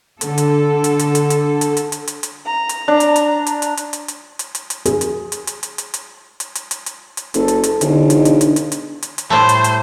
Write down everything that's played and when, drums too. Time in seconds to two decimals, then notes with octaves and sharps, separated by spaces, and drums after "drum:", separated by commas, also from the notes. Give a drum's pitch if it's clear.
0.21 D3 A4, drum: hi-hat
0.38 drum: hi-hat
0.84 drum: hi-hat
0.99 drum: hi-hat
1.15 drum: hi-hat
1.30 drum: hi-hat
1.61 drum: hi-hat
1.77 drum: hi-hat
1.92 drum: hi-hat
2.07 drum: hi-hat
2.23 drum: hi-hat
2.46 A#5
2.69 drum: hi-hat
2.88 D4
3.00 drum: hi-hat
3.16 drum: hi-hat
3.46 drum: hi-hat
3.62 drum: hi-hat
3.77 drum: hi-hat
3.93 drum: hi-hat
4.08 drum: hi-hat
4.39 drum: hi-hat
4.55 drum: hi-hat
4.70 drum: hi-hat
4.85 G#4, drum: hi-hat
5.01 drum: hi-hat
5.32 drum: hi-hat
5.47 drum: hi-hat
5.63 drum: hi-hat
5.78 drum: hi-hat
5.94 drum: hi-hat
6.40 drum: hi-hat
6.55 drum: hi-hat
6.71 drum: hi-hat
6.86 drum: hi-hat
7.17 drum: hi-hat
7.34 F#1 A4, drum: hi-hat
7.48 drum: hi-hat
7.63 drum: hi-hat
7.81 E1 D3 D#4, drum: hi-hat
8.10 drum: hi-hat
8.25 drum: hi-hat
8.41 drum: hi-hat
8.56 drum: hi-hat
8.72 drum: hi-hat
9.02 drum: hi-hat
9.18 drum: hi-hat
9.30 A2 G3 A3 C5
9.49 drum: hi-hat
9.64 drum: hi-hat